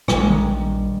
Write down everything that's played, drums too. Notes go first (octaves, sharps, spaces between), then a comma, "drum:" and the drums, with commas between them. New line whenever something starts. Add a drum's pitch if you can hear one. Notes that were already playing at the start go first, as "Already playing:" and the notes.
A#1 A#2 G3, drum: rim click
G#3
D#3 G3